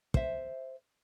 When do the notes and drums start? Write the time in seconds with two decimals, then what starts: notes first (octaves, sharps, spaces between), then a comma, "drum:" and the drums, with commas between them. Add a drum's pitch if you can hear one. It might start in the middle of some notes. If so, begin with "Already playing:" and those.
0.14 C5 E5, drum: kick